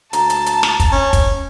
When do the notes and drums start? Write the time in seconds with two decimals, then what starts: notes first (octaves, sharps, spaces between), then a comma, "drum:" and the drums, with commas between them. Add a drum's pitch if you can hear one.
0.13 D2 A5 A#5, drum: hi-hat
0.30 drum: hi-hat
0.46 drum: hi-hat
0.63 drum: snare
0.80 drum: kick, hi-hat
0.92 C#4
1.13 drum: kick, hi-hat